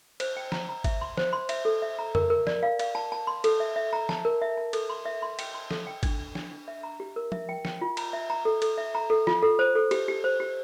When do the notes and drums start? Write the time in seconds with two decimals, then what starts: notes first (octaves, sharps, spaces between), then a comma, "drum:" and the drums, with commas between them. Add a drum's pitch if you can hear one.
0.20 C5, drum: cymbal
0.37 G5
0.52 A#5, drum: snare
0.69 A#5
0.84 E5, drum: kick, cymbal
1.01 C6
1.17 C5, drum: snare
1.33 C6
1.49 E5, drum: cymbal
1.65 A4
1.82 E5
1.99 A#5
2.15 A#4, drum: tom F2
2.30 A#4
2.47 D5, drum: snare
2.63 F5
2.79 F5, drum: cymbal
2.95 A5
3.12 A5
3.27 C6
3.44 A4, drum: cymbal
3.60 E5
3.76 E5
3.93 A#5
4.09 A5, drum: snare
4.25 A#4
4.42 E5
4.57 A5
4.73 A4, drum: cymbal
4.89 C6
5.05 E5
5.22 C6
5.39 G5, drum: cymbal
5.54 C6
5.71 A4, drum: snare
5.87 G5
6.03 D4, drum: kick, cymbal
6.19 D4
6.35 D4, drum: snare
6.51 D4
6.68 E5
6.83 A#5
7.00 G4
7.16 A#4
7.32 E5, drum: tom F3
7.49 G5
7.65 G5, drum: snare
7.81 F4
7.97 A#5, drum: cymbal
8.13 E5
8.30 A#5
8.45 A4
8.62 A4, drum: cymbal
8.77 E5
8.95 A#5
9.10 A4
9.27 F4, drum: snare
9.42 A4
9.59 C5
9.75 A4
9.91 G4, drum: cymbal
10.08 G4
10.24 C5
10.40 G4